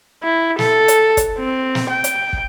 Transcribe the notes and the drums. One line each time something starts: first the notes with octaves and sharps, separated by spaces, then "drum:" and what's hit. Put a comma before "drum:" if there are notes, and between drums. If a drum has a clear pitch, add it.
E4
A4, drum: snare
drum: hi-hat
drum: kick, hi-hat
C4
drum: snare
G5
drum: hi-hat
drum: kick